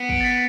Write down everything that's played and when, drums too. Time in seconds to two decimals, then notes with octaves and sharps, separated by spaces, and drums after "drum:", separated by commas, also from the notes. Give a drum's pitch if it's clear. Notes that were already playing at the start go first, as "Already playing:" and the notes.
Already playing: B3
0.09 D7, drum: kick
0.21 A6
0.24 B6